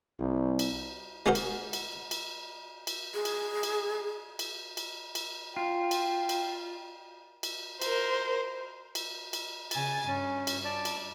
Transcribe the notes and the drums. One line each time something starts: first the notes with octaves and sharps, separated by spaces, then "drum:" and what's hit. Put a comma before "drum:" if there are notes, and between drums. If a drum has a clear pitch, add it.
C2
drum: cymbal
G#3 D#4 F#4 A#4 C5
drum: cymbal
drum: cymbal
drum: cymbal
drum: cymbal
G#4
drum: cymbal
drum: cymbal
drum: cymbal
drum: cymbal
drum: cymbal
F4 G5
drum: cymbal
drum: cymbal
drum: cymbal
A#4 C5, drum: cymbal
drum: cymbal
drum: cymbal
C#3 G#5 A6, drum: cymbal
G2 C#4
drum: cymbal
D5 A5
drum: cymbal